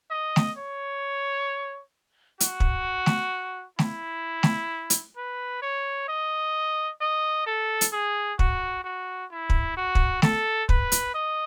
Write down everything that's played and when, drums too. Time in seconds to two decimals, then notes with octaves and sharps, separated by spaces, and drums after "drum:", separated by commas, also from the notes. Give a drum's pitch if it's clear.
0.10 D#5
0.36 drum: snare A3
0.57 C#5
2.40 F#4, drum: hi-hat
2.60 drum: kick
3.06 drum: snare A3
3.79 E4, drum: snare A3
4.43 drum: snare A3
4.90 drum: hi-hat
5.16 B4
5.62 C#5
6.08 D#5
7.01 D#5
7.46 A4
7.81 drum: hi-hat
7.92 G#4
8.39 F#4, drum: kick
8.84 F#4
9.31 E4
9.50 drum: kick
9.77 F#4
9.95 drum: kick
10.22 A4, drum: snare A3
10.69 B4, drum: kick
10.92 drum: hi-hat
11.14 D#5